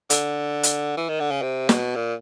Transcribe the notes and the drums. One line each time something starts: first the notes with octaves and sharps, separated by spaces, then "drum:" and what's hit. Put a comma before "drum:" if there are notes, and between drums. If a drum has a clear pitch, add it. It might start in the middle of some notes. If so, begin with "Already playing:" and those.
D3, drum: hi-hat
drum: hi-hat
E3
D#3
D3
C#3
C3
B2, drum: snare
A#2